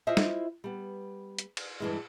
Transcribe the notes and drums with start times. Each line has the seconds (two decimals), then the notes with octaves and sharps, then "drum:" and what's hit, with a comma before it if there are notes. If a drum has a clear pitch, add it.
0.07 E4 F4 C5 D#5 E5
0.17 drum: snare
0.64 G3 B3
1.39 drum: hi-hat
1.57 drum: cymbal
1.80 G2 E3 G#3